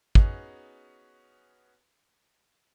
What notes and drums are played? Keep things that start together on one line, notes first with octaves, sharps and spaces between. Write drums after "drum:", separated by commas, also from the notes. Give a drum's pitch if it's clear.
B3 C#4 D#4 F#4 G#4, drum: kick